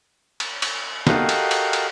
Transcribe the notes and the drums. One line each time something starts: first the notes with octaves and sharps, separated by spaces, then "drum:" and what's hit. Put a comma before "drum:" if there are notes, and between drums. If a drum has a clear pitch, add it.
drum: cymbal
drum: cymbal
F#4 G4 A4 A#4 D#5 F5, drum: snare
drum: cymbal
drum: cymbal
drum: cymbal